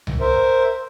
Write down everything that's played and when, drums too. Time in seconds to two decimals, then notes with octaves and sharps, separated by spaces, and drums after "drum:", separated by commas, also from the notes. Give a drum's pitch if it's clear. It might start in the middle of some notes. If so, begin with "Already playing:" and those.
0.07 drum: tom C2
0.20 A#4 C5 E5